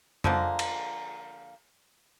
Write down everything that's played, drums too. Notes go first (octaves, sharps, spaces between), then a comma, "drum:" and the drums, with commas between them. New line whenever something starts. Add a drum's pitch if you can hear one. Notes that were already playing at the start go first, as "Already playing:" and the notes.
D3 F3 G#3 A#3, drum: tom F2
drum: cymbal